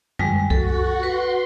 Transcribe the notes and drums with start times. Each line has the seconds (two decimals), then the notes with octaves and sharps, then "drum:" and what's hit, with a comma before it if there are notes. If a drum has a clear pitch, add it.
0.19 G3 G#3, drum: tom F#2
0.50 F#4 A4, drum: kick C2
1.03 B4 C6